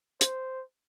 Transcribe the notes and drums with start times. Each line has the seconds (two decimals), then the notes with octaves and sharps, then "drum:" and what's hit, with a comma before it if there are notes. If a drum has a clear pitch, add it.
0.21 C5, drum: hi-hat